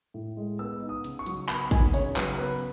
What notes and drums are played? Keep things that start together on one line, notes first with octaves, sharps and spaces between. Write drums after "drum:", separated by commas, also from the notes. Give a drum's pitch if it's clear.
A2
G#3
B3 E6
D#4
D#6
C#3, drum: hi-hat
C#6
F#3, drum: hi-hat
B3 B5, drum: clap
D#4 G#5, drum: kick, hi-hat
C#3 C#5, drum: hi-hat
F#3 B4, drum: clap
B3 B4